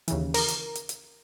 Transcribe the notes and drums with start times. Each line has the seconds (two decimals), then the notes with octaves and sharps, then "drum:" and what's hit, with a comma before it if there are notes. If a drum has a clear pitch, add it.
0.08 D#2 C#3 E3, drum: hi-hat
0.34 A#4, drum: open hi-hat
0.48 drum: hi-hat
0.75 drum: hi-hat
0.89 drum: hi-hat